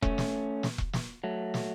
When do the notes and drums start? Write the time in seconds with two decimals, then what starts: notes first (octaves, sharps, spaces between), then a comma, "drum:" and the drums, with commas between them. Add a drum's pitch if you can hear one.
0.02 A3 C#4, drum: kick E1
0.18 drum: snare
0.63 drum: snare
0.78 drum: kick E1
0.93 drum: snare
1.24 F#3 A3
1.54 drum: snare